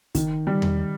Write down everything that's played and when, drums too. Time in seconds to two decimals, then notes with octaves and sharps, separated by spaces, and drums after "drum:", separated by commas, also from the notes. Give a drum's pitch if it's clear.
0.15 D#3, drum: kick, hi-hat
0.47 G3
0.62 drum: tom E2